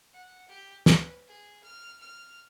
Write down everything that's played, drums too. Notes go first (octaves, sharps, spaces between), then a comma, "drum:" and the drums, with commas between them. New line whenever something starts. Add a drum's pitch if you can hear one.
F#5
G4
B4, drum: snare
G#4
F6
F6